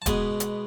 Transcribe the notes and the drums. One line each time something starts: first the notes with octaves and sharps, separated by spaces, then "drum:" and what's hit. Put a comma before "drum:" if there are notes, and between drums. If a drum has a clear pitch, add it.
A5
B2 G#3 B3 G#5, drum: kick D#1, hi-hat
drum: hi-hat